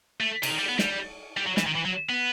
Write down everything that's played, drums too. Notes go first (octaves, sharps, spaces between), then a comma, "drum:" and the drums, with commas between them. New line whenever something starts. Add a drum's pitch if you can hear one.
A3
C3, drum: cymbal
D#3
G3
B3
G3, drum: snare
G3
F#3
E3, drum: snare
D#3
E3
F#3
B3